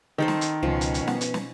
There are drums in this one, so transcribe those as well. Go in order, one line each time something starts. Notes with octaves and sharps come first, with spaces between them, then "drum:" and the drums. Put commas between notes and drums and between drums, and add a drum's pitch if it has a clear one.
D#3 D#4 A4 C5
drum: snare
drum: hi-hat
C#2 B2 F3 C#4
drum: hi-hat
drum: hi-hat
B3, drum: snare
drum: hi-hat
drum: snare